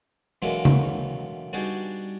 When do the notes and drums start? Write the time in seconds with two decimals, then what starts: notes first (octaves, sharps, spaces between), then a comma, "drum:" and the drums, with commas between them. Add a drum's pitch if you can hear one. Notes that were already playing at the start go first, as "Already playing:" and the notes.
0.42 B2 D3 E3 F#3 G#3 A#3
0.65 drum: tom C#3
1.53 G3 B3 D4 D#4 F#4 G#4